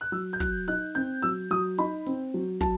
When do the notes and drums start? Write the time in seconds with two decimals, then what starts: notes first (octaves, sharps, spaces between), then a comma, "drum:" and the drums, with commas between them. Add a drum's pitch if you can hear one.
0.01 F#6
0.12 F#3 E6
0.33 G6
0.40 F#3 F#6, drum: kick, hi-hat
0.68 D#4 F#6, drum: hi-hat
0.95 C4 G6
1.22 F#3 E6, drum: open hi-hat
1.51 F#3 D#6, drum: hi-hat
1.78 D#4 B5, drum: open hi-hat
2.06 C4, drum: hi-hat
2.34 F#3
2.61 F#3 A5, drum: kick, hi-hat